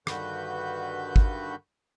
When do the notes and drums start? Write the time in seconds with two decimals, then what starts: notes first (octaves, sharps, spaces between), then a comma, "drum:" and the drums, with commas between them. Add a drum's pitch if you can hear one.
0.07 G2 D3 D#3 F#4 B4 G6, drum: rim click
1.16 drum: kick